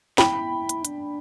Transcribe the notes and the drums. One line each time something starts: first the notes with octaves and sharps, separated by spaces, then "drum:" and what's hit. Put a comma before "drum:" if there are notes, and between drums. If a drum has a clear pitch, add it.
E4 G5 B5, drum: snare
drum: hi-hat
D4, drum: hi-hat